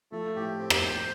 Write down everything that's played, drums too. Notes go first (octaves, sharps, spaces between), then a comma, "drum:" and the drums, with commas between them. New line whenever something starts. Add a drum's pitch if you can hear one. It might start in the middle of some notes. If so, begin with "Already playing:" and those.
F3 A3
A2 G4
C4
drum: rim click
C5